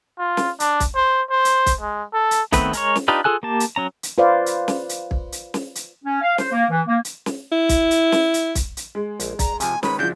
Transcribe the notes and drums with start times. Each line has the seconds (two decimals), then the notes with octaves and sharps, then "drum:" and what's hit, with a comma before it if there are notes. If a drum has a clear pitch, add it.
0.19 F4
0.37 drum: snare
0.60 D4, drum: hi-hat
0.80 drum: kick, hi-hat
0.95 C5
1.30 C5
1.45 drum: hi-hat
1.66 drum: kick, hi-hat
1.81 G#3
2.13 A4
2.31 drum: hi-hat
2.52 D#3 A3 B3 C4 B4, drum: kick, hi-hat
2.73 G#3 A#4 C#5, drum: hi-hat
2.96 drum: snare
3.08 D4 D#4 F4 G4 B4
3.24 F4 G#4 A4 G#5 F#6
3.43 A#3 G4 A5
3.60 drum: hi-hat
3.76 F#3 C#4 A#5
4.03 drum: hi-hat
4.18 F4 B4 C5 D5 F5
4.46 drum: hi-hat
4.68 drum: snare
4.89 drum: hi-hat
5.11 drum: kick
5.32 drum: hi-hat
5.54 drum: snare
5.75 drum: hi-hat
6.04 C#4
6.22 F5
6.38 C5, drum: snare
6.52 A#3
6.70 E3
6.87 A#3
7.05 drum: hi-hat
7.26 drum: snare
7.52 E4
7.69 drum: kick, hi-hat
7.91 drum: hi-hat
8.12 drum: snare
8.34 drum: hi-hat
8.55 drum: kick, hi-hat
8.77 drum: hi-hat
8.95 G#3
9.20 A#1, drum: hi-hat
9.39 D5 A#5, drum: kick, hi-hat
9.60 C3 F3 G#5, drum: hi-hat
9.83 D#3 G#3 B4 C#5 B5, drum: snare
9.99 C#3 F3 D4 E4 F#4 G6